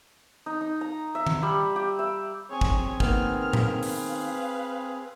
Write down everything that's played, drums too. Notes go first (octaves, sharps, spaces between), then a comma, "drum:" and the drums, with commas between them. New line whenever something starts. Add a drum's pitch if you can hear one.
D#4
D#4
A#5
E5
drum: tom D#3
G3
G4
E5
C4 G#4 C#5 G#5
drum: kick
D#3 A#3 B3 F6, drum: kick
drum: tom A2
B4 F5, drum: open hi-hat